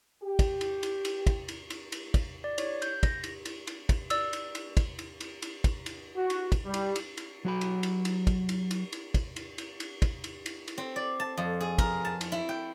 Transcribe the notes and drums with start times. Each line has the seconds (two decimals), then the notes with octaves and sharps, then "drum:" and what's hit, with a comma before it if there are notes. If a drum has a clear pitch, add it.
0.23 G4
0.39 drum: kick, cymbal
0.61 drum: cymbal
0.83 drum: cymbal
1.05 drum: cymbal
1.27 drum: kick, cymbal
1.48 drum: cymbal
1.70 drum: cymbal
1.92 drum: cymbal
2.14 drum: kick, cymbal
2.44 D5
2.58 C#5, drum: cymbal
2.82 G6, drum: cymbal
3.03 A#6, drum: kick, cymbal
3.24 drum: cymbal
3.45 drum: cymbal
3.67 drum: cymbal
3.89 drum: kick, cymbal
4.10 D5 E6, drum: cymbal
4.33 drum: cymbal
4.55 drum: cymbal
4.77 drum: kick, cymbal
4.99 drum: cymbal
5.20 drum: cymbal
5.42 drum: cymbal
5.64 drum: kick, cymbal
5.86 drum: cymbal
6.16 F#4
6.30 drum: cymbal
6.52 drum: kick, cymbal
6.65 G3
6.74 drum: cymbal
6.96 drum: cymbal
7.17 drum: cymbal
7.45 F#3 F#4 B5
7.61 drum: cymbal
7.83 drum: cymbal
8.05 drum: cymbal
8.27 drum: kick, cymbal
8.49 drum: cymbal
8.71 drum: cymbal
8.92 drum: cymbal
9.14 drum: kick, cymbal
9.36 drum: cymbal
9.58 drum: cymbal
9.80 drum: cymbal
10.02 drum: kick, cymbal
10.24 drum: cymbal
10.46 drum: cymbal
10.68 drum: cymbal
10.78 C4
10.96 D5
11.20 A5
11.37 F2
11.61 G#4
11.78 A#4, drum: kick, cymbal
12.05 A5
12.21 drum: cymbal
12.32 E4
12.49 G5